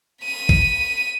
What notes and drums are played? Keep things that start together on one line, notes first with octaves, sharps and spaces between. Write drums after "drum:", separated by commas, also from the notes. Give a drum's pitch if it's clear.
B6 D#7
drum: kick